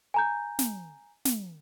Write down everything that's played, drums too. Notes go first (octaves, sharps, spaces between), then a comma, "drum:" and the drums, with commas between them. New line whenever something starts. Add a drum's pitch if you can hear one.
G#5 A#5 G6
drum: snare
drum: snare